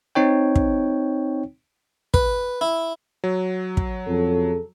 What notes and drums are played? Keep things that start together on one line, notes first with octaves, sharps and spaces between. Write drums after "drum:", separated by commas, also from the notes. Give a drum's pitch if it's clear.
C4 D#4 C#5 G5
drum: kick
B4, drum: kick
E4
F#3
drum: kick
F2 C#3 G#4 A4